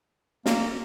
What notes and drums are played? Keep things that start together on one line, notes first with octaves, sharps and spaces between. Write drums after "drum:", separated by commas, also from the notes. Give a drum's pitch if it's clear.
A#3, drum: snare